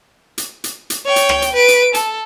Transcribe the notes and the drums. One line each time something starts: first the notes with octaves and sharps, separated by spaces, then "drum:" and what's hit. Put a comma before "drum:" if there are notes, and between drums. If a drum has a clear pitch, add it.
drum: hi-hat
drum: hi-hat
drum: hi-hat
C#5 G5
drum: hi-hat
drum: rim click
drum: hi-hat
B4 D7
drum: hi-hat
A4, drum: hi-hat